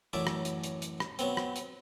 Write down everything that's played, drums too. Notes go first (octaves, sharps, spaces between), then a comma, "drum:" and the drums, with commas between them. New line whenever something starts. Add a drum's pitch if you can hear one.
A1 F#2 F#3 D5 E5
drum: rim click
drum: hi-hat
drum: hi-hat
drum: hi-hat
drum: rim click
F#3 B3 C4, drum: hi-hat
drum: rim click
drum: hi-hat